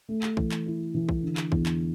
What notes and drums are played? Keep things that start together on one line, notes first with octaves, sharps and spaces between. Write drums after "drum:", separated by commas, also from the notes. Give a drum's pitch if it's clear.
A3
drum: clap
E3, drum: kick A#1
drum: clap
E4
E3
drum: kick A#1
D3
drum: clap
E2, drum: kick A#1
drum: clap